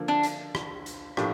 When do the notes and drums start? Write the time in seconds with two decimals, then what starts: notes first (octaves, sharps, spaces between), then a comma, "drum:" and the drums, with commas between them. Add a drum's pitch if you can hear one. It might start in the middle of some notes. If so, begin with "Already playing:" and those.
Already playing: D3 F3 A#3
0.08 D4
0.23 drum: hi-hat
0.55 drum: rim click
0.86 drum: hi-hat
1.17 A2 F3 A#3 D4 G4, drum: rim click